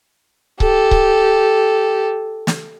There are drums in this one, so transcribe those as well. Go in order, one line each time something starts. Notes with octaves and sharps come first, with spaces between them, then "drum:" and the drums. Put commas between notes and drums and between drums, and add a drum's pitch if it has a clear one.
G4 A4, drum: kick C#1
drum: kick C#1
drum: snare